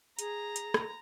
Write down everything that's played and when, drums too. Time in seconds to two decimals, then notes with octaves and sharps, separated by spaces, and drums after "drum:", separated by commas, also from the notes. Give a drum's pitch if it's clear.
0.19 G#4 A#5, drum: hi-hat
0.56 drum: hi-hat
0.74 drum: rim click